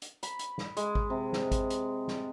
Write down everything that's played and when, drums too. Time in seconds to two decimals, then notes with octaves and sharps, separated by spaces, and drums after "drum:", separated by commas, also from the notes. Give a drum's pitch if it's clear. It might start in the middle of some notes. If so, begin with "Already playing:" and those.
0.02 drum: hi-hat
0.23 B5, drum: hi-hat
0.39 drum: hi-hat
0.58 drum: snare
0.77 G#3, drum: hi-hat
0.95 drum: kick G#1
1.10 C3
1.33 drum: snare
1.52 drum: kick G#1, hi-hat
1.70 drum: hi-hat
2.08 drum: snare